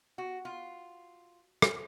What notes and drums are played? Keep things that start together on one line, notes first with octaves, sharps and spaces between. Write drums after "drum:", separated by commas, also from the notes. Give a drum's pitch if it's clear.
F#4
F4
drum: rim click